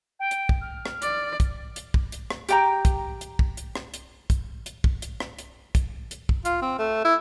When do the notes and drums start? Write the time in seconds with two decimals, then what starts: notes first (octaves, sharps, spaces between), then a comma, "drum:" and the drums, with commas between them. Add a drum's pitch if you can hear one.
0.19 G5
0.31 drum: hi-hat
0.49 drum: kick
0.61 F6
0.86 drum: rim click
1.02 D5, drum: hi-hat
1.40 drum: kick, hi-hat
1.76 drum: hi-hat
1.94 drum: kick
2.12 drum: hi-hat
2.30 drum: rim click
2.49 G4 G5 A#5, drum: hi-hat
2.85 drum: kick, hi-hat
3.21 drum: hi-hat
3.39 drum: kick
3.57 drum: hi-hat
3.75 drum: rim click
3.94 drum: hi-hat
4.30 drum: kick, hi-hat
4.66 drum: hi-hat
4.84 drum: kick
5.02 drum: hi-hat
5.20 drum: rim click
5.39 drum: hi-hat
5.75 drum: kick, hi-hat
6.11 drum: hi-hat
6.29 drum: kick
6.45 F4, drum: hi-hat
6.62 C4
6.79 A3
7.05 E4